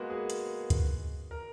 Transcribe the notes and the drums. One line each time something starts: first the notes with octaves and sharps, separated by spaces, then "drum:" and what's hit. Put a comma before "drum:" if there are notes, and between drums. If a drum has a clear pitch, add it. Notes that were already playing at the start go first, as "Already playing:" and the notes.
Already playing: G#3 A#3 B3 F#4
G#4
drum: hi-hat
drum: kick, hi-hat
A#4